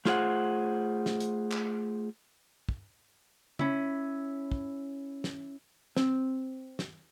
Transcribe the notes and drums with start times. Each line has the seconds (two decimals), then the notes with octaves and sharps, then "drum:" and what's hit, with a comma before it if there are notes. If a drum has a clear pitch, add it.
0.05 A3 F4 G#4 C5 F#5, drum: snare
1.06 drum: snare
1.20 drum: hi-hat
1.51 drum: clap
2.69 drum: kick
3.59 C#4 E4, drum: tom C#3
4.52 drum: kick
5.24 drum: snare
5.97 C4, drum: snare
6.79 drum: snare